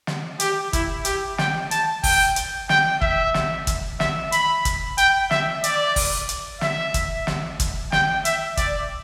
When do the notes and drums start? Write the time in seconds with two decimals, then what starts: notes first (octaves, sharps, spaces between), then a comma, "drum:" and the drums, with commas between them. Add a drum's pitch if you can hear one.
0.07 drum: snare
0.40 G4, drum: hi-hat
0.73 E4, drum: kick, hi-hat
1.05 G4, drum: hi-hat
1.38 G5, drum: snare
1.71 A5, drum: hi-hat
2.03 G5, drum: kick, open hi-hat
2.36 drum: hi-hat
2.69 G5, drum: snare
3.01 E5, drum: kick
3.34 drum: snare
3.67 drum: kick, hi-hat
4.00 E5, drum: snare
4.32 B5, drum: hi-hat
4.65 drum: kick, hi-hat
4.98 G5, drum: hi-hat
5.31 E5, drum: snare
5.64 D5, drum: hi-hat
5.96 drum: kick, open hi-hat
6.29 drum: hi-hat
6.61 E5, drum: snare
6.94 drum: kick, hi-hat
7.27 drum: snare
7.60 drum: kick, hi-hat
7.92 G5, drum: snare
8.25 E5, drum: hi-hat
8.57 D5, drum: kick, hi-hat